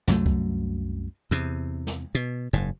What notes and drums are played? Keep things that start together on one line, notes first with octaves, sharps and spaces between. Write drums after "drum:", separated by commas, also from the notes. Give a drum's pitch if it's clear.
C2 F#2 F#3 A3, drum: snare
drum: kick C#2
E2 C3
drum: snare
B2
F#1 G#2